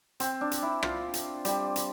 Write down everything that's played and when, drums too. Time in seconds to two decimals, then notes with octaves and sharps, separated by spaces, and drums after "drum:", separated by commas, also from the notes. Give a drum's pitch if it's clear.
0.20 C4, drum: hi-hat
0.41 D4
0.51 drum: hi-hat
0.62 E4
0.83 F4, drum: rim click
1.14 drum: hi-hat
1.45 G3, drum: hi-hat
1.76 drum: hi-hat